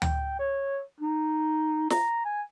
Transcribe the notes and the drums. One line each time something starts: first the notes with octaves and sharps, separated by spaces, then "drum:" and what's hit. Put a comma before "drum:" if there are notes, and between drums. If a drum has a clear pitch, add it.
G5, drum: tom D2
C#5
D#4
A#5, drum: snare
G#5